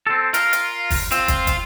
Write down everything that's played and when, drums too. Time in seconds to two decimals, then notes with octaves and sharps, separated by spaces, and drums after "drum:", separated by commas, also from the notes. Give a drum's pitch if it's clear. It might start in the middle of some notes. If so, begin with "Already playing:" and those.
0.07 C4 A4
0.34 F4 A#4, drum: hi-hat
0.53 drum: hi-hat
0.90 drum: kick, open hi-hat
1.12 C4 F4, drum: hi-hat
1.28 drum: kick, hi-hat
1.47 drum: kick, hi-hat